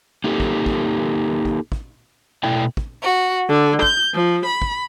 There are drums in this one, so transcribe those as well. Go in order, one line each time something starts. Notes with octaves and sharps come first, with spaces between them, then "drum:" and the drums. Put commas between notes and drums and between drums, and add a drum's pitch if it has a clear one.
A#3 D#4 G4 A4
drum: kick
drum: kick
drum: kick
drum: kick
B2 A3 E4 D5 G5
drum: kick
F#4
D3
G6, drum: kick
F3
B5
drum: kick